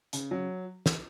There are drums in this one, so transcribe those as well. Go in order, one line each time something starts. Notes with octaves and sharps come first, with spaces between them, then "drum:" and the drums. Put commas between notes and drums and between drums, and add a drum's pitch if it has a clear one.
C#3, drum: hi-hat
F#3
drum: snare